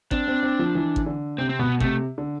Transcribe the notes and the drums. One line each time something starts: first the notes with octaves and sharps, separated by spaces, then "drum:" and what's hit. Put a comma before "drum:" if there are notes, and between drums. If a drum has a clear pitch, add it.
C4 D4, drum: kick
C4
C4
F3
E3
drum: kick
D3
C3 C4
C4
B2 B3
C3 A3, drum: kick
D3